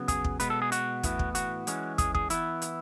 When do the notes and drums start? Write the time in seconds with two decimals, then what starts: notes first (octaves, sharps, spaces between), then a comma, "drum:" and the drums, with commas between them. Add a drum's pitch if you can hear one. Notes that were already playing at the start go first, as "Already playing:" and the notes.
Already playing: C#3 F#3 B3
0.08 G#4, drum: kick, hi-hat
0.24 drum: kick
0.40 B2 G#3 B3 B4, drum: hi-hat
0.50 A4
0.62 G#4
0.72 F#4, drum: hi-hat
1.03 A2 E3 B3, drum: kick, hi-hat
1.19 drum: kick
1.35 F#4, drum: hi-hat
1.67 E3 G#3 C#4, drum: hi-hat
1.98 G#4, drum: kick, hi-hat
2.15 G#4, drum: kick
2.30 E3 B3 E4, drum: hi-hat
2.62 drum: hi-hat